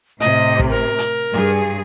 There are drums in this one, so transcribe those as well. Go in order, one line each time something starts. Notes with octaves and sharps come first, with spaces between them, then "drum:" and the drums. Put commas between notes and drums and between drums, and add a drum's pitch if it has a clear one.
A2 C3 D#5, drum: hi-hat
drum: kick
A#4
drum: hi-hat
G2 G#4